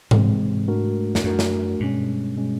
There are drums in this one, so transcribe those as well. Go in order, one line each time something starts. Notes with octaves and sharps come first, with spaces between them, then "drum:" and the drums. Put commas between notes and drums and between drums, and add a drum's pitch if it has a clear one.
G#2 C3 E3 G#3 C4, drum: tom G#2
A3 D4 F#4 A#4
F2, drum: snare
F#2 A3 D4 F#4 A#4
drum: snare
G2 B2 G#3 C#4
B2 G#3 C#4